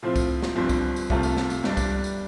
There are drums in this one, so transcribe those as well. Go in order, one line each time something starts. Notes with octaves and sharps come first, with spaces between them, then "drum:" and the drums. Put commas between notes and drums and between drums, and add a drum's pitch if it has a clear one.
A2 F3 C4 F4
drum: kick C2, tambourine
drum: snare
G1 G2 F3 C4
drum: kick C2, tambourine
drum: tambourine
C2 C3 A3 F4 A4, drum: kick C2
drum: tambourine
drum: snare
drum: tambourine
G2 G3 D4, drum: snare
drum: kick C2, tambourine
drum: tambourine